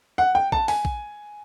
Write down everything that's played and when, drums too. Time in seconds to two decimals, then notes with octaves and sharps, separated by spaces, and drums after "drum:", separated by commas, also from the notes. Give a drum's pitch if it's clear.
0.18 F#5
0.35 G5
0.52 A5, drum: kick A#1
0.68 G#5, drum: open hi-hat
0.85 drum: kick A#1